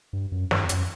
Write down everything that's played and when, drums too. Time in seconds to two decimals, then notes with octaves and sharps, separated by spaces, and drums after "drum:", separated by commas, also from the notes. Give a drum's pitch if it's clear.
0.13 G2
0.32 F#2
0.51 G2, drum: snare
0.64 F2
0.69 F#2, drum: hi-hat